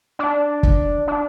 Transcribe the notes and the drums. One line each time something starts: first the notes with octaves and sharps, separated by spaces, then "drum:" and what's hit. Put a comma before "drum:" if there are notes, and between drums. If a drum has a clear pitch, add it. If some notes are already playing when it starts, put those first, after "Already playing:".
D4
drum: kick
D4